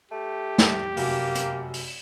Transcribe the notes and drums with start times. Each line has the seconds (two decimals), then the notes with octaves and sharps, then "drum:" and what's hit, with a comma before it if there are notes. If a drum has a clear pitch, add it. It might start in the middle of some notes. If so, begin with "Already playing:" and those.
0.11 A3 G4
0.58 drum: snare
0.97 F1 F#2 A#3 F#4, drum: open hi-hat
1.35 drum: hi-hat
1.73 drum: open hi-hat